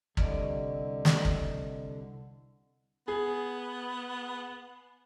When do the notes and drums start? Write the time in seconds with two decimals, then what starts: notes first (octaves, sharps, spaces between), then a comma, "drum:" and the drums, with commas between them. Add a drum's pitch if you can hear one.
0.17 C2 D3 D5 D#5, drum: kick
1.05 drum: snare
1.25 drum: kick
3.08 B3 G#4